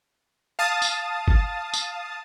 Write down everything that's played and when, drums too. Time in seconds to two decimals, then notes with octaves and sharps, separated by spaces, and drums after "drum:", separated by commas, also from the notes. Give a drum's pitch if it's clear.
0.59 F5 A5 D#6 A6
0.82 drum: tambourine
1.28 drum: kick G1
1.74 drum: tambourine